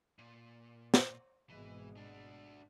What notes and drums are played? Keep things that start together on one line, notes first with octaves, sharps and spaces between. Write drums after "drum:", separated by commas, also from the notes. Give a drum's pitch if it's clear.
A#2
drum: snare
G#1 B2 E3 G#3
D4 F#4